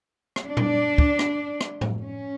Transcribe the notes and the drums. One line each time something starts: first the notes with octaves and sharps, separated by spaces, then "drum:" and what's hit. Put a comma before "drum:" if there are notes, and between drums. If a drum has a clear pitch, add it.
drum: rim click
D4
drum: tom A#2
drum: kick
drum: rim click
drum: rim click
drum: tom A2
C#4